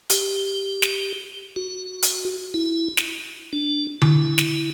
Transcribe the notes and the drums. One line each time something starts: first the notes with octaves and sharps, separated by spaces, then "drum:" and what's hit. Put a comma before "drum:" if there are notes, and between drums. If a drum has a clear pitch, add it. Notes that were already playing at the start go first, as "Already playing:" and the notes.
G4, drum: hi-hat
drum: snare
F#4
drum: hi-hat
E4
drum: snare
D4
E4, drum: tom D3
drum: snare